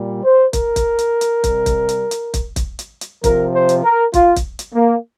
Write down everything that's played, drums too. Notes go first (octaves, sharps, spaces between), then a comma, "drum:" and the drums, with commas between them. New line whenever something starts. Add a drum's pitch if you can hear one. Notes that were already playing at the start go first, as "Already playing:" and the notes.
Already playing: A#2 G3
C5
A#4, drum: kick, hi-hat
drum: kick, hi-hat
drum: hi-hat
drum: hi-hat
C3 G3, drum: kick, hi-hat
drum: kick, hi-hat
drum: hi-hat
drum: hi-hat
drum: kick, hi-hat
drum: kick, hi-hat
drum: hi-hat
drum: hi-hat
C3 F3 A#4, drum: kick, hi-hat
C5
drum: hi-hat
A#4
F4, drum: kick, hi-hat
drum: kick, hi-hat
drum: hi-hat
A#3